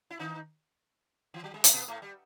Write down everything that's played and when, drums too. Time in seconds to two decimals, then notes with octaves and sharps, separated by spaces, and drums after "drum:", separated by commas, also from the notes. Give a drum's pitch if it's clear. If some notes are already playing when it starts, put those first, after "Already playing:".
0.10 E4
0.19 D#3 D#4
1.34 E3
1.44 F#3
1.54 G3
1.64 A3, drum: hi-hat
1.73 B2 B3
1.88 A2 A3
2.02 G3